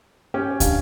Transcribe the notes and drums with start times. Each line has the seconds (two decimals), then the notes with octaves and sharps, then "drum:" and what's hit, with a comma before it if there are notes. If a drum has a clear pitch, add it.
0.34 C#4 G4
0.60 D4 F5, drum: kick, hi-hat